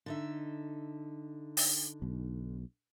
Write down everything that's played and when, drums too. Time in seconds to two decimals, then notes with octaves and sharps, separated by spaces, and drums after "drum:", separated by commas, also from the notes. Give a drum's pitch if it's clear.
0.06 D3 D#4 E5
1.57 drum: open hi-hat
2.02 B1